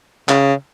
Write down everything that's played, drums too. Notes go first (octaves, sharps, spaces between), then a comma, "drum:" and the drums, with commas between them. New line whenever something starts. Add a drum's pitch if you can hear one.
C#3, drum: clap